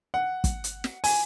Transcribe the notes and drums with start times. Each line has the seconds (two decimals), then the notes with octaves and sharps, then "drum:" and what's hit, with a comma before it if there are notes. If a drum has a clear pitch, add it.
0.14 F#5
0.44 drum: kick, hi-hat
0.64 drum: hi-hat
0.84 drum: snare
1.04 G#5, drum: open hi-hat